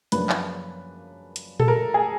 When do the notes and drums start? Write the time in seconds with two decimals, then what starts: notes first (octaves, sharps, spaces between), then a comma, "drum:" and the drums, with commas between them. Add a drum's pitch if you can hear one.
0.12 F#2 C#3 F3 A#3 D4 B4, drum: hi-hat
0.29 drum: clap
1.36 drum: hi-hat
1.60 A4, drum: tom A#2
1.68 A#4
1.94 G#4